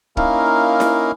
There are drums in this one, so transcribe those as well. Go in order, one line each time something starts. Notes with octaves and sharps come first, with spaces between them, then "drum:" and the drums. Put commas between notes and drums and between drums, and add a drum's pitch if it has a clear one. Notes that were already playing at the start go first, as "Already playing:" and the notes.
A#3 C#4 D#4 E4 A#4 F5, drum: kick
drum: snare E4